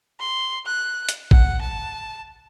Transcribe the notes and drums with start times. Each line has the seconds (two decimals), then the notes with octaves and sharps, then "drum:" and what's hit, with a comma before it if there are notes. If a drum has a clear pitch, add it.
0.20 C6
0.66 F#6
1.09 drum: hi-hat
1.31 F#5, drum: kick G#1
1.61 A5